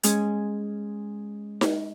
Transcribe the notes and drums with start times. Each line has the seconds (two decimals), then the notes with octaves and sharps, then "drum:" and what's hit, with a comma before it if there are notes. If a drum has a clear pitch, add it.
0.03 G#3 C#4 G#4, drum: hi-hat
1.61 drum: snare D#4